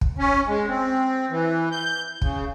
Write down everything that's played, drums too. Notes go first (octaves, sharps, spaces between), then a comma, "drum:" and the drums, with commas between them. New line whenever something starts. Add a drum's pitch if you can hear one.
drum: kick
C#4
G#3
C4
E3
G6
C#3, drum: kick